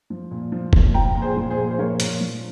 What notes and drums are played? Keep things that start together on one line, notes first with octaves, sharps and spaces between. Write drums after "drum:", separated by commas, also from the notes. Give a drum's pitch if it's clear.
F3
A#2
F3
A#2, drum: kick F1
F3 G5 A#5
A#2
G#4 C5
F3
G#4 C5
A#2
C5
F3 A#4 C#5
A#2, drum: hi-hat
F3